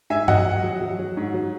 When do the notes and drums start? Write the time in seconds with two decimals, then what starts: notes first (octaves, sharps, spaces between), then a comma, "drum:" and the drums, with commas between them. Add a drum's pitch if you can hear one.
0.10 G#2 E5 G#5
0.28 F#3 D#5 F#5, drum: tom G2
0.46 F#3
0.63 F#3
0.81 F#3
0.99 F#3
1.17 G#2
1.34 F#3